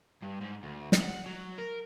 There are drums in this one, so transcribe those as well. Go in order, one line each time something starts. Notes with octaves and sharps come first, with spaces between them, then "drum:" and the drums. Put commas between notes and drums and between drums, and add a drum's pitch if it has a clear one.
G2
G#2
D2
drum: snare
F#5
F#3
A#4